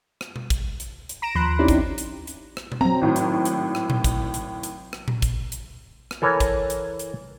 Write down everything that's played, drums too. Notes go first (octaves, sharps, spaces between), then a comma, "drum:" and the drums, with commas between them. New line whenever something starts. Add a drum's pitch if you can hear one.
drum: rim click
drum: tom B2
drum: kick, hi-hat
drum: hi-hat
drum: hi-hat
A#5 A#6 D7 E7
D#2 F3 B5 C6 F#6
C4 C#4 D#4 E4 G4 D5
drum: kick, hi-hat
drum: hi-hat
drum: hi-hat
drum: rim click
drum: tom B2
F#3 C4 A#5
G#1 A2
drum: hi-hat
drum: hi-hat
drum: rim click
drum: tom A#2
drum: kick, hi-hat
drum: hi-hat
drum: hi-hat
drum: rim click
drum: tom A#2
drum: kick, hi-hat
drum: hi-hat
drum: rim click
E3 A4 A#4 C#5
drum: kick, hi-hat
drum: hi-hat
drum: hi-hat